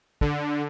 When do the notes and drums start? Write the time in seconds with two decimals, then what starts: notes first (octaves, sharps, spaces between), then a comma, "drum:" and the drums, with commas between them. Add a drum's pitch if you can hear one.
0.21 D3, drum: kick